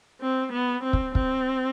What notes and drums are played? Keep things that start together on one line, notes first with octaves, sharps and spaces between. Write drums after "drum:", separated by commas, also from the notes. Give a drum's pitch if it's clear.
C4
B3
C4
drum: kick
C4, drum: kick